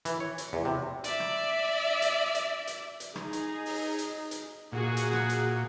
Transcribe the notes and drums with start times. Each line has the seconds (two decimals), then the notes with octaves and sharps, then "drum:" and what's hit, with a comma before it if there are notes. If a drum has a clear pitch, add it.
0.05 E3, drum: hi-hat
0.20 C#5
0.38 drum: hi-hat
0.53 E2
0.65 C3
1.04 D5 E5, drum: hi-hat
1.20 drum: rim click
2.02 drum: hi-hat
2.35 drum: hi-hat
2.67 drum: hi-hat
3.00 drum: hi-hat
3.16 D#4 G#4, drum: rim click
3.33 drum: hi-hat
3.66 drum: open hi-hat
3.98 drum: hi-hat
4.31 drum: hi-hat
4.72 A#2 F#4 G#4
4.97 drum: hi-hat
5.13 drum: rim click
5.29 drum: hi-hat